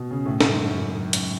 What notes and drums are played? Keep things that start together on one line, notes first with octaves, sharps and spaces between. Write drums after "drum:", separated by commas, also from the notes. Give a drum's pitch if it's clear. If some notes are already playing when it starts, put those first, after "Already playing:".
Already playing: B2
C#3
A2
G#2, drum: snare
F#2
F#2
drum: hi-hat